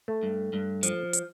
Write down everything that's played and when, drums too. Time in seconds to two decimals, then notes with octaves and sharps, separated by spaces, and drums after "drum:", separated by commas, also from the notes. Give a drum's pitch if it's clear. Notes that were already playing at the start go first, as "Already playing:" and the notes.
0.08 A3
0.23 G2
0.53 G2
0.83 F3, drum: hi-hat
1.13 drum: hi-hat